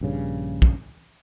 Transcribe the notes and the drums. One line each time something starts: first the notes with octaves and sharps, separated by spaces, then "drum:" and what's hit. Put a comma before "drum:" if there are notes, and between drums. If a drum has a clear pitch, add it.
A#1 G2 C#3
drum: kick